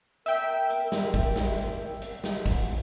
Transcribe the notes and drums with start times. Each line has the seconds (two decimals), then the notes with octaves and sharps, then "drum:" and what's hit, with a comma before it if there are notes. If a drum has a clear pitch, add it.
0.26 A#4 E5 G5, drum: hi-hat
0.70 drum: hi-hat
0.92 drum: snare
1.14 drum: kick, open hi-hat
1.36 drum: snare
1.58 drum: hi-hat
2.02 drum: hi-hat
2.24 drum: snare
2.46 drum: kick, open hi-hat